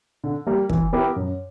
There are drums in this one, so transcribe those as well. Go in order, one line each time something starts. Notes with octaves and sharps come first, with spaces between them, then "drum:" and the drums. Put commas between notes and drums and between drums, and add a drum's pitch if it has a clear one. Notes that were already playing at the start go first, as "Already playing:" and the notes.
D3
G3 A#3
E3, drum: kick
B3 E4 G4 A#4
F#2